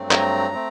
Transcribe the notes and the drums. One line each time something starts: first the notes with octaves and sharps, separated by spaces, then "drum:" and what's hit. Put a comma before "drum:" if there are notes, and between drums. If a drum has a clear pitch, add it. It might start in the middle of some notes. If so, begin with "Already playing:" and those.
Already playing: G2 F#3 A3 C4
A#5, drum: clap
A3 C4